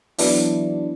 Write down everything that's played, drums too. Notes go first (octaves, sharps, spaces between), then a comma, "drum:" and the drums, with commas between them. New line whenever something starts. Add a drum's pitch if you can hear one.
E3 F#3 B3 D4 E4, drum: open hi-hat